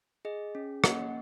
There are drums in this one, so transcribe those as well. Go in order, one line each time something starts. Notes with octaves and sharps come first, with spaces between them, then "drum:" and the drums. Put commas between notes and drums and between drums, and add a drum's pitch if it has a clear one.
G#4 D#5
C#4
A#3 D#5 F#5, drum: rim click